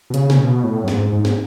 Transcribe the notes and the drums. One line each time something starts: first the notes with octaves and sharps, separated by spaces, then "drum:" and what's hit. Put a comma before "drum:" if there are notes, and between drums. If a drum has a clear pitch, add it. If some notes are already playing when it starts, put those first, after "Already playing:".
B2
C#3, drum: hi-hat
C#3, drum: snare
B2
A2
F#2
G#2, drum: snare
G#2
drum: snare